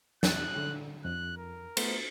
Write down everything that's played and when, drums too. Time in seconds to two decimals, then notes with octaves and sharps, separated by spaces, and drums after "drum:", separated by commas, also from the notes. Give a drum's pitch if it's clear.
0.23 E2 F#6 A6, drum: snare
0.56 D3
1.05 F2 F#6
1.37 A#4
1.77 A3 B3 C5, drum: cymbal